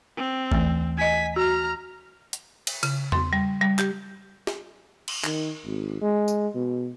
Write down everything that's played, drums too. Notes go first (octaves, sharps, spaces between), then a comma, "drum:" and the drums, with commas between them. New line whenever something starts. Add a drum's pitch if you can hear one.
C4
D#2 E3 A3, drum: kick A1
D#5 G#5 G#6 B6
F#4 A#5 F6
drum: hi-hat
drum: cymbal
C#3, drum: cymbal
C6, drum: tom E2
G3
G3
G4, drum: clap
drum: snare
drum: cymbal
D#3, drum: clap
G#1
G#3
drum: tambourine
B2